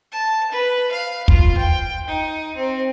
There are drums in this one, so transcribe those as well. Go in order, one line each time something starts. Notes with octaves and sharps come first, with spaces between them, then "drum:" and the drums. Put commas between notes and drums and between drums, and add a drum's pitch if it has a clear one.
A5
B4
F5
F4, drum: kick
G5
D#4
C4